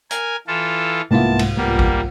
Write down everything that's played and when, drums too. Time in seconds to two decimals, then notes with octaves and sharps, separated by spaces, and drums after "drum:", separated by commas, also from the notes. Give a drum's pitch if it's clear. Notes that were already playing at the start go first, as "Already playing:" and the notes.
0.11 A#4 G#5, drum: hi-hat
0.47 E3 F4 A4
1.11 C2 G#2 A#3 B3 E4 F4 A5
1.39 drum: cymbal
1.57 G3 A#3 B3
1.79 drum: kick A1